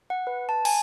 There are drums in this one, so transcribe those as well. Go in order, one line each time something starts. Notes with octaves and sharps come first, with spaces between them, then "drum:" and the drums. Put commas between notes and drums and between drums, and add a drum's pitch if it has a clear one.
F#5
B4
A5
G#5, drum: cymbal